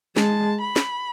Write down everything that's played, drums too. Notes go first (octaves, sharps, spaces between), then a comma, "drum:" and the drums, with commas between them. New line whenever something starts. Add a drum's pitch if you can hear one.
G#3 A5, drum: snare
B5
drum: snare